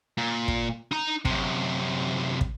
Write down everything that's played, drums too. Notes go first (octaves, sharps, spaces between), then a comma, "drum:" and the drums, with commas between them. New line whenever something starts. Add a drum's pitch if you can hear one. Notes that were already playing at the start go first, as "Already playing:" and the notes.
A#2
drum: kick
D#4 A#5
F#2 C3, drum: kick
drum: kick